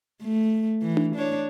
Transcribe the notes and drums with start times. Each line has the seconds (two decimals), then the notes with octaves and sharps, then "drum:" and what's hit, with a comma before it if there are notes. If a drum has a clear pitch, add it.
0.23 A3
0.82 E3
0.97 drum: tom D4
1.16 D4 C#5